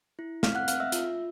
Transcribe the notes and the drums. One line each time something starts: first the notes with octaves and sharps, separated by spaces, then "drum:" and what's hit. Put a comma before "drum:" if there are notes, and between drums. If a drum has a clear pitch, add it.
E4
C4 F5 F6, drum: snare
F#5 F#6
C4 F5 F6, drum: hi-hat
E5 E6
F4, drum: hi-hat